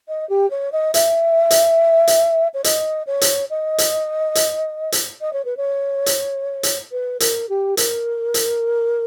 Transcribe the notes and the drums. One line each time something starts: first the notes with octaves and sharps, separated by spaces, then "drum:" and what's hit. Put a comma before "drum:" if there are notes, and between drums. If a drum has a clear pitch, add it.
D#5
G4
C#5
D#5
E5, drum: hi-hat
drum: hi-hat
drum: hi-hat
C#5
D#5, drum: hi-hat
C#5
drum: hi-hat
D#5
drum: hi-hat
drum: hi-hat
drum: hi-hat
D#5
C#5
B4
C#5
drum: hi-hat
drum: hi-hat
B4
A#4, drum: hi-hat
G4
A#4, drum: hi-hat
drum: hi-hat